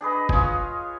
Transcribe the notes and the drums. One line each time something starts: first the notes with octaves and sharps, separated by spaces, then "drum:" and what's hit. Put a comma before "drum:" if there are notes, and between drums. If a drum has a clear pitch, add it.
D4 G#4 B4 D#5
F4 C#5 D#5 G#5, drum: kick